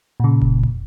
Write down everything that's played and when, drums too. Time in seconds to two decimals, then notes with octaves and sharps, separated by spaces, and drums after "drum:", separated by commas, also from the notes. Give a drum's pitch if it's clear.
0.20 A#2 C#3
0.42 drum: kick
0.63 drum: kick